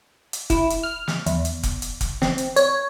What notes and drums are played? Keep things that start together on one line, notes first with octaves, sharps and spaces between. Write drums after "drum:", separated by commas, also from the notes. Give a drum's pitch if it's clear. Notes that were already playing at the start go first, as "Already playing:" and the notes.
drum: hi-hat
E4, drum: kick F1, hi-hat
drum: hi-hat
F6
drum: snare
E2, drum: hi-hat
drum: hi-hat
drum: kick F1, hi-hat
drum: hi-hat
drum: kick F1, hi-hat
C4, drum: snare
drum: hi-hat
C#5, drum: hi-hat